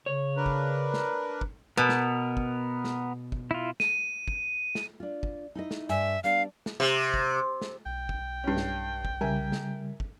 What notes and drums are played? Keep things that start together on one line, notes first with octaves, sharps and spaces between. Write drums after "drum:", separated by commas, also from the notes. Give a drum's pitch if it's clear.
C#3 C#5
D4 A#4 B4
drum: kick
drum: snare
drum: kick
B2 B3 A#4
drum: snare
drum: kick
drum: snare
drum: kick
E4 F4
D#7, drum: snare
drum: kick
drum: snare
D4 F4
drum: kick
D#4 E4 D#5
drum: snare
G2 E5 G#5
G3 B3 D4 F5
drum: snare
C3
drum: kick
drum: snare
B1 G5
drum: kick
G2 C#4
drum: snare
drum: kick
C#3 G3 A#4 E5 G#5
drum: snare
drum: kick